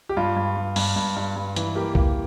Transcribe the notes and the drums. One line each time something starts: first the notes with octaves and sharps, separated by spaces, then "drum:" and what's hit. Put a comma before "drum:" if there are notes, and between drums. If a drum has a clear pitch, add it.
G4
G2 F4
G2
G2
G2, drum: open hi-hat
G2
G2
G2
E3, drum: hi-hat
A#3 G4
A#3, drum: kick C2